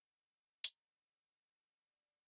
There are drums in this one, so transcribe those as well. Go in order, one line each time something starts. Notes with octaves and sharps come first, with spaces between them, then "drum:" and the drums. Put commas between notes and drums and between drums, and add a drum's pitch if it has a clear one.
C#5
C#3 F3 C#5 A#5, drum: hi-hat
C#4 D4 A#4